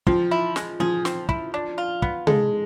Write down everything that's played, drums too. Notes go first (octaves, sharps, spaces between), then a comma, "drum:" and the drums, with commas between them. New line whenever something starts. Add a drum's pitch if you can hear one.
F3 C4, drum: kick
E4
G#3, drum: snare
F3 G#4
C4, drum: snare
E4, drum: kick
D4
F4
B3, drum: kick
G#3 A4, drum: tom C3